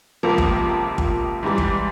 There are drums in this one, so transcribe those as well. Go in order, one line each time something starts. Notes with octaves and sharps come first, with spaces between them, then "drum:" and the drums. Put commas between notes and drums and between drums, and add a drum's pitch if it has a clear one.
C#2 C3 F3 A#3
drum: kick G1
drum: kick G1
G#2 E3 G3
drum: kick G1